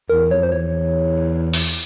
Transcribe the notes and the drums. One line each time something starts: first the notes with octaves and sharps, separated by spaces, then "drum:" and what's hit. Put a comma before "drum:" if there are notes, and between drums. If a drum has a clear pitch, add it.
E2 A#4
F2 C#5
C5
E2 C#5
drum: open hi-hat